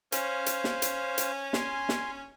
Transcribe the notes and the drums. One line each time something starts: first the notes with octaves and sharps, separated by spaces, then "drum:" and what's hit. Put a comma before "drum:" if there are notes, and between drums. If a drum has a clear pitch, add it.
C#4 C5 F5, drum: hi-hat
drum: hi-hat
drum: snare
drum: hi-hat
drum: hi-hat
G#5 C6, drum: snare
drum: snare